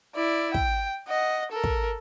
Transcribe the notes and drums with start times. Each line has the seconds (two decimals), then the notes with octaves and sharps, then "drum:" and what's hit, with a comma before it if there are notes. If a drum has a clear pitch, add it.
0.15 E4 D5
0.54 G5, drum: kick
1.08 D#5 F#5
1.52 A4 A#4
1.64 drum: kick